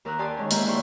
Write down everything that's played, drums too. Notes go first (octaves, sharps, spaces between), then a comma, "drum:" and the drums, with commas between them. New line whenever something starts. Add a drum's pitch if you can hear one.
D#2 A#4 D#6 E6 F#6
G4 D5 G#5 A5 C6 D#6
D#3 G#3 C#4
E2 G#2 A#3 E5 F6 G6, drum: hi-hat
D4 E4 G#4 C5 C#5 G5